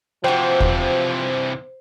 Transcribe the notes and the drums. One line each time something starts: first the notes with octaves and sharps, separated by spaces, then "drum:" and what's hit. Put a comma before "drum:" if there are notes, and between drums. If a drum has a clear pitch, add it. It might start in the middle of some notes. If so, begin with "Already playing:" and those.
C3 E3 F3 F#4 G4 C5
drum: kick D#2